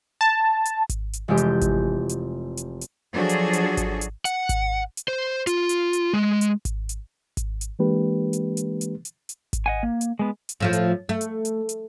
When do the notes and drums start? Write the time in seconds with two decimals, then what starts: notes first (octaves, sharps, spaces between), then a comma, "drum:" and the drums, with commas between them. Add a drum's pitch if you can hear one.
0.21 A5
0.65 drum: hi-hat
0.89 drum: kick G#1, hi-hat
1.13 drum: hi-hat
1.28 F1 E3 G#3 G4 G6
1.37 drum: hi-hat
1.61 drum: kick G#1, hi-hat
2.09 drum: hi-hat
2.57 drum: hi-hat
2.81 drum: hi-hat
3.14 F3 F#3 D4 F#4 G#4 A4
3.29 drum: hi-hat
3.53 drum: hi-hat
3.77 drum: kick G#1, hi-hat
4.01 drum: hi-hat
4.25 F#5, drum: hi-hat
4.49 drum: kick G#1, hi-hat
4.97 drum: hi-hat
5.08 C5
5.47 F4, drum: hi-hat
5.69 drum: hi-hat
5.93 drum: hi-hat
6.14 G#3
6.41 drum: hi-hat
6.65 drum: kick G#1, hi-hat
6.89 drum: hi-hat
7.37 drum: kick G#1, hi-hat
7.61 drum: hi-hat
7.79 E3 G#3 A#3 D4 G4 B4
8.33 drum: hi-hat
8.57 drum: hi-hat
8.81 drum: hi-hat
9.05 drum: hi-hat
9.29 drum: hi-hat
9.53 drum: kick G#1, hi-hat
9.66 D#5 F#5 G#5
9.83 A#3
10.01 drum: hi-hat
10.19 G#3 B3
10.49 drum: hi-hat
10.60 A2 F3 A3
10.73 drum: hi-hat
11.09 A3
11.21 drum: hi-hat
11.45 drum: hi-hat
11.69 drum: hi-hat